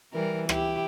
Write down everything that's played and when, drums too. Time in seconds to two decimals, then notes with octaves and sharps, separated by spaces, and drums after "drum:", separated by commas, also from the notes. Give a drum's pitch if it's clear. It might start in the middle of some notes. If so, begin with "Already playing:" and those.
0.13 E3 G3 A#4
0.49 E4 G4, drum: rim click